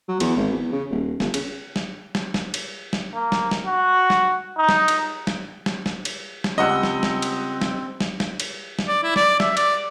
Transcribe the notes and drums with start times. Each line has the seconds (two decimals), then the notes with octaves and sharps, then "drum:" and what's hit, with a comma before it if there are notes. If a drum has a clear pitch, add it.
0.09 F#3
0.20 E2, drum: cymbal
0.37 G#1
0.53 E2
0.72 C#3
0.90 D#1
1.20 G1, drum: snare
1.34 C#3, drum: cymbal
1.76 drum: snare
2.15 drum: snare
2.34 drum: snare
2.54 drum: cymbal
2.93 drum: snare
3.14 A#3
3.32 drum: snare
3.51 drum: snare
3.67 F#4
4.10 drum: snare
4.58 D#4
4.69 drum: snare
4.88 drum: cymbal
5.27 drum: snare
5.66 drum: snare
5.86 drum: snare
6.05 drum: cymbal
6.44 drum: snare
6.58 C#2 G3 C4 D#5 F#5 E6
6.83 drum: snare
7.03 drum: snare
7.22 drum: cymbal
7.61 drum: snare
8.01 drum: snare
8.20 drum: snare
8.40 drum: cymbal
8.79 drum: snare
8.88 D5
9.03 E4
9.16 D5, drum: snare
9.40 E5, drum: snare
9.57 D5, drum: cymbal